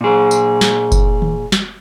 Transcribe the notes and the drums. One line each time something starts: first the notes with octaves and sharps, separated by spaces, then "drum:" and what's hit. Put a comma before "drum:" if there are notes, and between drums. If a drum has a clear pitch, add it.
A#2 G#4
drum: tambourine
drum: snare
drum: kick F#1, tambourine
drum: tom
drum: snare